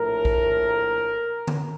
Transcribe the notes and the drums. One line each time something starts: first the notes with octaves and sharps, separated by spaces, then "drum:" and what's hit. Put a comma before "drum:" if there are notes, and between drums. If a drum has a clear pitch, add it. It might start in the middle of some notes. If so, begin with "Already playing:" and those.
Already playing: A#1 A2 A3 A#4
drum: kick
drum: tom D3